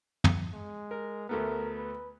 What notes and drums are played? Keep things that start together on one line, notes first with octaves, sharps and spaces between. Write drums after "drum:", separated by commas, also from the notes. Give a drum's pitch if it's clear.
drum: tom
G#3
A#4
D2 A3 B3 A#4
B4